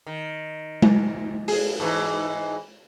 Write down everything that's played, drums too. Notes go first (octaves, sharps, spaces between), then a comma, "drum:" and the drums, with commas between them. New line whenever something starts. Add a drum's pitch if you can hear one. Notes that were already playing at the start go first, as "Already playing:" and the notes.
D#3
drum: tom G#3
G#4, drum: open hi-hat
G#2 E3 D#4